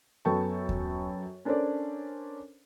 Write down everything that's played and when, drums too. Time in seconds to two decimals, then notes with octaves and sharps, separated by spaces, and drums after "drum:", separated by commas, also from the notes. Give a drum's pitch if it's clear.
0.25 F#2 B3 A4 G5 A5 C#6
0.69 drum: kick D#2
1.45 C#4 D4 A4 A#4 C5 D5